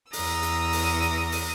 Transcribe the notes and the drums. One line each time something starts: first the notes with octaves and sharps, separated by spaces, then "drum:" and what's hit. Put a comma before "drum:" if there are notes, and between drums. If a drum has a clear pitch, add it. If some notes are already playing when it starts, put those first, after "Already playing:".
E2 A#5 D#6 E6, drum: open hi-hat
drum: hi-hat
drum: open hi-hat
drum: hi-hat
drum: open hi-hat